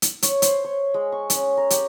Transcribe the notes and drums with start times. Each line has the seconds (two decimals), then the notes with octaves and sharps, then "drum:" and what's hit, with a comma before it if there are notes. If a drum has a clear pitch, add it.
0.02 drum: hi-hat
0.22 C#5, drum: hi-hat
0.42 C5, drum: hi-hat
0.64 C#5
0.94 G#3
1.12 C#6
1.30 C#4, drum: hi-hat
1.57 A#4
1.70 G4, drum: hi-hat